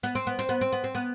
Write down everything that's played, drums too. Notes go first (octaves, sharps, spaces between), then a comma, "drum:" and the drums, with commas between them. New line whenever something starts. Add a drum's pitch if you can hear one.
B3, drum: hi-hat
C4
B3
C4, drum: hi-hat
B3
C4
B3
C4
B3